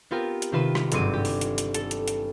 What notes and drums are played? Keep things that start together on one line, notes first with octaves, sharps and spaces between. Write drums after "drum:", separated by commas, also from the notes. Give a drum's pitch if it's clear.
B3 C4 F4 G4 A#4
drum: hi-hat
C3 D#3 F4 B4 E7
drum: rim click
G1 G#2 F#3 C4 D6 D#7, drum: hi-hat
G4
drum: open hi-hat
drum: hi-hat
drum: hi-hat
A4, drum: hi-hat
drum: hi-hat
drum: hi-hat